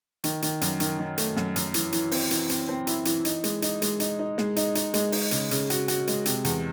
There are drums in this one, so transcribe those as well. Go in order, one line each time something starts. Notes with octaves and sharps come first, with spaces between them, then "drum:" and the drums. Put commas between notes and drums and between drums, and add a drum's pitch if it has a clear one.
D#3, drum: hi-hat
D#3, drum: hi-hat
F#2, drum: hi-hat
D#3, drum: hi-hat
D#3
A3, drum: hi-hat
F#2, drum: snare
F#2, drum: hi-hat
E3, drum: hi-hat
E3, drum: hi-hat
C4, drum: open hi-hat
E3, drum: hi-hat
C4, drum: hi-hat
C4
E4, drum: hi-hat
E3, drum: hi-hat
D#4, drum: hi-hat
G#3, drum: hi-hat
D#4, drum: hi-hat
G#3, drum: hi-hat
D#4, drum: hi-hat
D#4
G#3, drum: snare
D#4, drum: hi-hat
D#4, drum: hi-hat
G#3, drum: hi-hat
D#4, drum: open hi-hat
C#3, drum: hi-hat
C#3, drum: hi-hat
F#4, drum: hi-hat
F#4, drum: hi-hat
G#3, drum: hi-hat
C3, drum: hi-hat
E2, drum: hi-hat